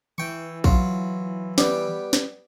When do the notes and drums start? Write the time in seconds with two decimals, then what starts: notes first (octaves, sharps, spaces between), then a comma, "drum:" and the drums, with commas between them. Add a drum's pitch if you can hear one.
0.18 E3 G5 C#6
0.64 F#3 F4, drum: kick A#1
1.58 G3 B3 G4, drum: snare
2.13 drum: snare